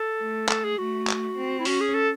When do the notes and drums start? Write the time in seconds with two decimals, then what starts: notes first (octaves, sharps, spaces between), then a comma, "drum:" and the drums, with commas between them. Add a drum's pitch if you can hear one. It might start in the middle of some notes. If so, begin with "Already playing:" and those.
Already playing: A4
0.19 A3
0.48 A4, drum: clap
0.64 G#4
0.78 A3 F#4
1.07 drum: clap
1.36 C4
1.60 E4
1.65 C#4 F#4, drum: open hi-hat
1.81 G#4
1.95 A4